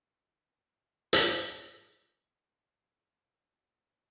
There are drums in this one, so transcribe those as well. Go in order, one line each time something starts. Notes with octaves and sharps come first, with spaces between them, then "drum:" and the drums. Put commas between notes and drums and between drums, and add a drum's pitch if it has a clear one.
C5 C6 C#6
A#4 B4
G4 D5 E5 F#5 G5 A#5
drum: hi-hat
G#1 C#6